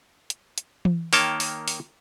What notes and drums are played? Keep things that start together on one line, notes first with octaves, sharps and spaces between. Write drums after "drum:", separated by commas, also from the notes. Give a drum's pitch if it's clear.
drum: hi-hat
drum: hi-hat
drum: tom E3
D#3 A#3 C#5 G5 A5, drum: open hi-hat
drum: open hi-hat
drum: open hi-hat